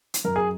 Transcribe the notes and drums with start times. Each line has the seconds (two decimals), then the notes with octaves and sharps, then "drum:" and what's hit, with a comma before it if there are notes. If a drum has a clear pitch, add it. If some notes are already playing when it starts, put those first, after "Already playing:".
0.14 drum: hi-hat
0.25 F#2 A#4
0.36 G#4